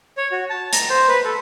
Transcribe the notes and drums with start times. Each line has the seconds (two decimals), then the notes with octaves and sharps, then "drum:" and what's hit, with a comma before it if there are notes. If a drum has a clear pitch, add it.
0.17 C#5
0.31 F#4
0.50 A5
0.73 A#5, drum: hi-hat
0.90 C5
1.08 B4
1.24 A4